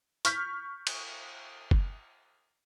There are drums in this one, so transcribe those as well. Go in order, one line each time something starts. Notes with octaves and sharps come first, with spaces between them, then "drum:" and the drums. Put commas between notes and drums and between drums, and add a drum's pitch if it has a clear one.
C#6 F6 G6 B6, drum: hi-hat
drum: cymbal
drum: kick F#1